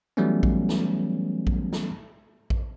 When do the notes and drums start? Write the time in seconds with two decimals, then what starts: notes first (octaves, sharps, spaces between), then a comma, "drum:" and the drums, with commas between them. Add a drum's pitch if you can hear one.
0.17 E3 F#3 G3 A3 B3 C#4
0.43 drum: kick A#1
0.69 drum: snare
1.47 drum: kick A#1
1.73 drum: snare
2.50 drum: kick A#1